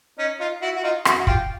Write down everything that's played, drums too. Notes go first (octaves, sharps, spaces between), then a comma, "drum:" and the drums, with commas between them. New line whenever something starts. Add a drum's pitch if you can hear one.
C#4 D#4
D#4 F4
E4 F#4
F#4
D#4 F4
E4 F#4, drum: rim click
F#4
F4 G4, drum: kick